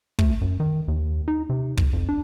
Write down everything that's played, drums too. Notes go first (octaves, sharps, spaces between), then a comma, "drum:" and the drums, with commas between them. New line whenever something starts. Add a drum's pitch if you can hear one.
A3, drum: kick
F#2
D#3
D#2
D#4
C3
B1, drum: kick
F2
D4